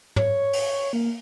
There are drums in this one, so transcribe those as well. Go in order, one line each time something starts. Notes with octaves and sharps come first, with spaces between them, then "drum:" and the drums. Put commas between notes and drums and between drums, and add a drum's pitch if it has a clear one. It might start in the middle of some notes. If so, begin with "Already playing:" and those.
C#5, drum: tom
drum: open hi-hat
A#3